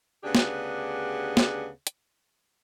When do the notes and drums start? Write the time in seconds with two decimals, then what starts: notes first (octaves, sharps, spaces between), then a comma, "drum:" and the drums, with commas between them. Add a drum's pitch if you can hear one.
0.24 D2 C#3 B3 D4 G4 G#4
0.35 drum: snare
1.37 drum: snare
1.87 drum: hi-hat